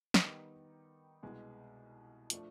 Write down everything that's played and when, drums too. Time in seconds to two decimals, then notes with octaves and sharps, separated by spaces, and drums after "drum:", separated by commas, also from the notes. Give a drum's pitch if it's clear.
0.14 D#3 G3 B3 D#4, drum: snare
1.23 C2 B2 G#3
2.30 F3 A3 D4, drum: hi-hat